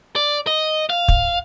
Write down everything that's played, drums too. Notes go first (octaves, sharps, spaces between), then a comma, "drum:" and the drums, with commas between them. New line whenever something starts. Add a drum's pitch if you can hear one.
D5
D#5
F5
drum: kick